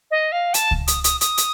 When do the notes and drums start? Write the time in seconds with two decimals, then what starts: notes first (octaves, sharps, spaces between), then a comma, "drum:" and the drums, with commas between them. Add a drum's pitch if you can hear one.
0.11 D#5
0.32 F5
0.54 A5, drum: hi-hat
0.71 drum: kick C#2
0.87 D#6, drum: hi-hat
1.04 D#6, drum: hi-hat
1.21 D#6, drum: hi-hat
1.38 drum: hi-hat